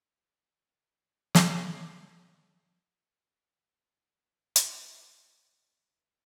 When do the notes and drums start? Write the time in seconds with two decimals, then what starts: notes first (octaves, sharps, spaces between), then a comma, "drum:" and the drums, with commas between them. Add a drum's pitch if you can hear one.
0.25 C#4 E4 A#4 G#5 A5
0.66 B4 G5
1.35 drum: snare
1.82 G4 G#5 D6
2.28 D5 G5
4.56 drum: hi-hat
5.07 C#4
5.41 B4